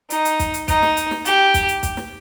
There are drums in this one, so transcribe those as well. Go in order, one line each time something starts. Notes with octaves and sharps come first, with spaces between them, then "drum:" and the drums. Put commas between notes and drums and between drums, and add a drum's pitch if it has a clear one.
D#4, drum: hi-hat
drum: hi-hat
drum: kick, hi-hat
drum: hi-hat
D#4, drum: kick, hi-hat
drum: snare
drum: hi-hat
drum: snare
G4, drum: hi-hat
drum: kick, hi-hat
drum: hi-hat
drum: kick, hi-hat
drum: snare